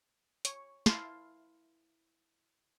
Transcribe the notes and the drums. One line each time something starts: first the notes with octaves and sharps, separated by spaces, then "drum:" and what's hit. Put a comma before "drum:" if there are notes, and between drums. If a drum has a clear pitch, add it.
C#5, drum: hi-hat
E4 F5 A5 C6, drum: snare